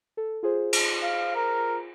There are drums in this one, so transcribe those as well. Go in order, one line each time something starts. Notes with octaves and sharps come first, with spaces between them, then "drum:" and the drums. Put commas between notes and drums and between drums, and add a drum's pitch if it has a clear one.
A4
F4 G#4 C5
drum: cymbal
F5
A#4